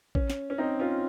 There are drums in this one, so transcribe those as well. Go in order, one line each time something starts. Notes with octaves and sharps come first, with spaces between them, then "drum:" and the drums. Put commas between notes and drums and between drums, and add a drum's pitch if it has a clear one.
C#4, drum: kick A1
drum: snare
C#4
C4 D#4
C#4 F4